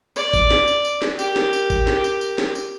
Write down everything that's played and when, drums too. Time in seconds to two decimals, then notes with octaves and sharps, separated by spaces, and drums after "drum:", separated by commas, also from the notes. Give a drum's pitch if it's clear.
0.16 D5, drum: tambourine
0.33 drum: kick, tambourine
0.51 drum: snare
0.68 drum: tambourine
0.85 drum: tambourine
1.02 drum: snare
1.19 G4 A#4, drum: tambourine
1.36 drum: snare
1.53 drum: tambourine
1.70 drum: kick, tambourine
1.87 drum: snare
2.04 drum: tambourine
2.21 drum: tambourine
2.38 drum: snare
2.55 drum: tambourine